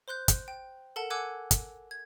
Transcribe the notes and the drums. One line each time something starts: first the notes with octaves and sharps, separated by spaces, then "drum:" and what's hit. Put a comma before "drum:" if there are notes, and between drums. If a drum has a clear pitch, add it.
C5 C6 F#6 G6
drum: kick, hi-hat
G5
A4 A#4 F#5 A5
F#5 G#5 D6 E6 F#6 G#6
drum: kick, hi-hat
G#6